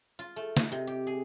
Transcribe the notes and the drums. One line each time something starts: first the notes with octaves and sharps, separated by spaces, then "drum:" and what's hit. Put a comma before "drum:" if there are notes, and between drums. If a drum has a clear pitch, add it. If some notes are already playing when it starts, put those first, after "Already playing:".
F4
A3
D#5, drum: snare
C3
G4
G#4